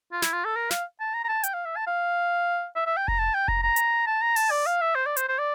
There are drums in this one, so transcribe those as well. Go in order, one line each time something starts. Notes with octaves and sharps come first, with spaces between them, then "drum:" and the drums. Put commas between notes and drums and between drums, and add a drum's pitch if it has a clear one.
F4
E4, drum: snare
F4
A4
A#4
F5, drum: snare
A5
A#5
A#5
A5
G5, drum: hi-hat
F5
E5
A5
F5
E5
E5
G5
A#5, drum: kick F1
A5
G5
A#5, drum: kick F1
A#5
drum: hi-hat
A5
A#5
A5, drum: open hi-hat
D5
F5
E5
C5
D5
C5, drum: hi-hat
C5
D5